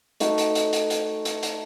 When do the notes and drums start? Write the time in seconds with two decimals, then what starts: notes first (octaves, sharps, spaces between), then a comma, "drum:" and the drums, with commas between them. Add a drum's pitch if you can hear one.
0.20 A3 D#4 F#4, drum: hi-hat
0.38 drum: hi-hat
0.55 drum: hi-hat
0.73 drum: hi-hat
0.90 drum: hi-hat
1.25 drum: hi-hat
1.43 drum: hi-hat